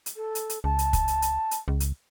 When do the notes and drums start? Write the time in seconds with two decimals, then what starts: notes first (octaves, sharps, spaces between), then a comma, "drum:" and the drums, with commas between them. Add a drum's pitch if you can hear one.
0.06 drum: hi-hat
0.16 A4
0.35 drum: hi-hat
0.50 drum: hi-hat
0.64 C#2 A5
0.79 drum: hi-hat
0.93 drum: kick, hi-hat
1.08 drum: hi-hat
1.22 drum: hi-hat
1.51 drum: hi-hat
1.68 C#2
1.80 drum: hi-hat